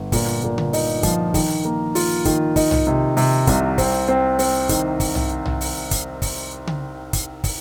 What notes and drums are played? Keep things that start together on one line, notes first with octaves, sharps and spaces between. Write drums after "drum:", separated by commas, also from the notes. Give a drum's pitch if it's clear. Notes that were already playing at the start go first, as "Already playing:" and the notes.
Already playing: G1
A#2, drum: kick, open hi-hat
A#2
drum: tom C#3
D#4, drum: open hi-hat
F3, drum: kick, hi-hat
D#3, drum: kick, open hi-hat
A#3
F4, drum: open hi-hat
D#3, drum: kick, hi-hat
D#4, drum: kick, open hi-hat
drum: tom B1
C3
C3, drum: open hi-hat
C2, drum: kick, hi-hat
C4, drum: kick, open hi-hat
C4
C4, drum: open hi-hat
D#3, drum: kick, hi-hat
drum: kick, open hi-hat
drum: tom B1
drum: tom B1
drum: open hi-hat
drum: kick, hi-hat
drum: kick, open hi-hat
drum: tom C#3
drum: kick, hi-hat
drum: kick, open hi-hat